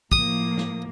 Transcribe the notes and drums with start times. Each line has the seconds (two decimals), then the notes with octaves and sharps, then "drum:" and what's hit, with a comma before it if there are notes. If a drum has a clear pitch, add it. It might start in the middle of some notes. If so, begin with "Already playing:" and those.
0.12 A2 F3 A#3 D#6, drum: kick
0.58 drum: snare